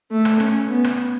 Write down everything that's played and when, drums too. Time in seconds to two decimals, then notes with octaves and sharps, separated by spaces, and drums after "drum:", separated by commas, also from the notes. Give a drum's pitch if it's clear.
0.11 A3
0.25 drum: rim click
0.40 C#4, drum: rim click
0.69 B3
0.84 drum: rim click